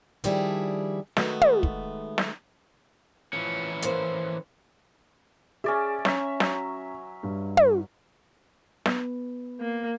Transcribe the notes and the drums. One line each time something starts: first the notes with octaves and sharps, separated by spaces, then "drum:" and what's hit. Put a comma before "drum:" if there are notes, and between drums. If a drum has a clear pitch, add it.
D#3 F3 G3 D4 E4 G#4, drum: hi-hat
D#3 G#3 A3 B3 F#4, drum: snare
drum: tom
drum: kick
drum: snare
E3 F3 C#4
A#3 C5, drum: hi-hat
C#4 G#4 D5 E5
C#4 E5 A#5 C#6, drum: snare
F#3, drum: snare
G2
drum: tom
B3, drum: snare
A#3